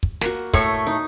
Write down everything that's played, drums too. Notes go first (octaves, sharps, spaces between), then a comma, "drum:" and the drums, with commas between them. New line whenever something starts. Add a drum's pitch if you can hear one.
drum: kick
A#3 F#4, drum: snare
A2 A3 C#5, drum: kick
D#4